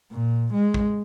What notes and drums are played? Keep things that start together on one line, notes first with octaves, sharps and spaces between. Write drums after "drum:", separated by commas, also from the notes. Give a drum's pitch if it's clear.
A#2
G#3
drum: kick